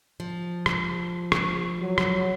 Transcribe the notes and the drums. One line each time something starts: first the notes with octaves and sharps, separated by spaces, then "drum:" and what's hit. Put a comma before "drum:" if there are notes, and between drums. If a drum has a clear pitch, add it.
F3
drum: rim click
drum: rim click
F#3
drum: rim click